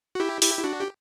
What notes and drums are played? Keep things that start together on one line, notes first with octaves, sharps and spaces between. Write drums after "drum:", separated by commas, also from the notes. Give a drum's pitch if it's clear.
F#4
E4 G4
E4 G4, drum: open hi-hat
E4
D4 F#4
G4